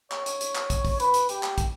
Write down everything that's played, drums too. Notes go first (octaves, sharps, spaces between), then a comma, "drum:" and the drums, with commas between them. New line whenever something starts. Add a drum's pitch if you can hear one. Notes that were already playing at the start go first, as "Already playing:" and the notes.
C#5, drum: clap
drum: hi-hat
drum: hi-hat
drum: clap
drum: kick, hi-hat
drum: kick, open hi-hat
B4, drum: hi-hat
drum: hi-hat
G4, drum: hi-hat
drum: clap
drum: kick, hi-hat